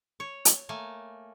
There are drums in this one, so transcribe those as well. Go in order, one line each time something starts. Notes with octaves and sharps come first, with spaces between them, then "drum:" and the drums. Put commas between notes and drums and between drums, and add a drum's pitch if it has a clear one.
C#5
drum: hi-hat
A3 A#3 G#5